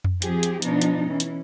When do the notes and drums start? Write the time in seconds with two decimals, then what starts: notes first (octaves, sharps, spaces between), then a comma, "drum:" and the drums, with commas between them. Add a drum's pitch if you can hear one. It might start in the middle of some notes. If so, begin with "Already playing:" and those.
0.04 drum: tom F2
0.22 F3 C4 G4 G#4, drum: hi-hat
0.43 drum: hi-hat
0.62 B2 F3 B3 D4 D#4, drum: hi-hat
0.82 drum: hi-hat
1.09 E3 C#4
1.20 drum: hi-hat